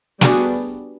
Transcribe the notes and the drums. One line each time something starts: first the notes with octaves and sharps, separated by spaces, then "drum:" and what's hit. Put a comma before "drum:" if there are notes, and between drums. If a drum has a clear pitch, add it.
G3 B3 D4 F#4 G#4, drum: snare